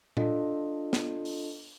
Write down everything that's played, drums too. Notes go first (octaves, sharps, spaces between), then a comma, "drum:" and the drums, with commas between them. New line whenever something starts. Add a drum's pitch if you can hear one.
D4 F4 A4 D#5, drum: tom A#2
drum: snare
drum: open hi-hat